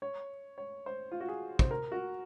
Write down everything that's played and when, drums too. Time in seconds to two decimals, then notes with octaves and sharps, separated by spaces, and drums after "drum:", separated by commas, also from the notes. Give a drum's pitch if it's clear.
0.02 C#5
0.58 C#5
0.86 C5
1.12 F4
1.21 F#4
1.28 G#4
1.59 C5, drum: kick
1.71 A#4
1.92 F#4